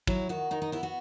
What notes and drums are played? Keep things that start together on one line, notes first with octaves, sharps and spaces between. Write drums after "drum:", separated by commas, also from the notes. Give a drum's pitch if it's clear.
F#3 E4, drum: kick
D#3 F#4
D#3 D#4
D#4
B3 E4
F#4